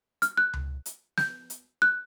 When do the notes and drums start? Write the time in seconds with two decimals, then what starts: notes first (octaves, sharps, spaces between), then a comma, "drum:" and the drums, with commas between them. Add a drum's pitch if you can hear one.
0.22 F6, drum: hi-hat
0.37 F#6
0.53 drum: tom C#2
0.86 drum: hi-hat
1.18 G6, drum: snare
1.50 drum: hi-hat
1.82 F#6